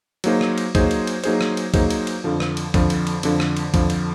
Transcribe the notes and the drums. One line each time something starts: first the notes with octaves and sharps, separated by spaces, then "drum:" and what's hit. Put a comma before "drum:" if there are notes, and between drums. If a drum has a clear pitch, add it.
F#3 A#3 D#4 G#4 C5, drum: cymbal
drum: rim click
drum: cymbal
F#3 A#3 D#4 G#4 C5, drum: kick B1, cymbal
drum: cymbal
drum: cymbal
F#3 A#3 D#4 G#4 C5, drum: cymbal
drum: rim click
drum: cymbal
F#3 A#3 D#4 G#4 C5, drum: kick B1, cymbal
drum: cymbal
drum: cymbal
F2 D3 F3
drum: rim click
drum: cymbal
F2 D3 F3, drum: kick B1, cymbal
drum: cymbal
drum: cymbal
F2 D3 F3, drum: cymbal
drum: rim click
drum: cymbal
F2 D3 F3, drum: kick B1, cymbal
drum: cymbal